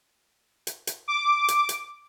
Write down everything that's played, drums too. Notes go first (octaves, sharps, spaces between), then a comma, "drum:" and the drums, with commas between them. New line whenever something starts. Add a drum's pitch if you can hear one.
drum: hi-hat
drum: hi-hat
D6
drum: hi-hat
drum: hi-hat